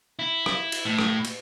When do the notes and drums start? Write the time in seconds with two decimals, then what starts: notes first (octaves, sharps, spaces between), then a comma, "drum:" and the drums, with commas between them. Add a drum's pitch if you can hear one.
0.19 E4
0.46 drum: rim click
0.72 drum: cymbal
0.85 A2
0.99 drum: rim click
1.25 drum: cymbal